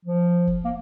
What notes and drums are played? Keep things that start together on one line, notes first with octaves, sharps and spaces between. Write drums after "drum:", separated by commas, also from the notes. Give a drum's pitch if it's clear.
F3
drum: kick
A#3